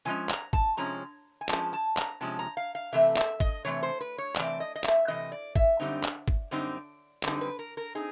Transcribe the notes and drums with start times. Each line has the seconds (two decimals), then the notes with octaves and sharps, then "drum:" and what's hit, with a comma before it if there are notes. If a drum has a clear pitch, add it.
0.05 C3 F3 G#3 C#4 G#5
0.29 A#5, drum: clap
0.53 A5, drum: kick
0.77 C3 F3 G#3 C#4 A#5
1.41 G#5
1.49 C3 F3 G#3 C#4 A5, drum: clap
1.73 A5
1.97 A#5, drum: clap
2.21 C3 F3 G#3 C#4 A5
2.39 A#5
2.57 F5
2.75 F5
2.92 C3 E3 A3 C4 E5
3.17 E5, drum: clap
3.40 D#5, drum: kick
3.64 C3 E3 A3 C4 C#5
3.83 C5
4.01 B4
4.18 C#5
4.36 C3 E3 A3 C4 D5, drum: clap
4.60 D#5
4.76 D#5
4.84 E5, drum: clap
5.08 C3 E3 A3 C4 D#5
5.32 D5
5.56 E5, drum: kick
5.80 F#2 D3 G3 C4 D#4
6.04 drum: clap
6.28 drum: kick
6.51 F#2 D3 G3 C4 D#4
7.23 F#2 D3 G3 C4 D#4, drum: clap
7.41 B4
7.59 A#4
7.77 A#4
7.95 C4 D#4 G#4